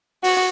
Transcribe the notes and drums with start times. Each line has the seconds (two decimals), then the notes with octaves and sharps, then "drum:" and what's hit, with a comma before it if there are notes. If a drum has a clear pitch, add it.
0.24 F#4, drum: open hi-hat